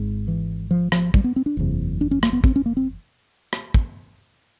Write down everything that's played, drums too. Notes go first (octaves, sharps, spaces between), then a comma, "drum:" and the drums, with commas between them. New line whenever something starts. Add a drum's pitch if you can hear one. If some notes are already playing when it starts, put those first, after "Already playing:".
Already playing: G#1 G#2
E3
F3
F3, drum: rim click
G3, drum: kick
B3
C4
D4
F#1 E2 C3
D4
C#4
A#3, drum: rim click
B3
C4, drum: kick
C#4
A#3
C4
drum: rim click
drum: kick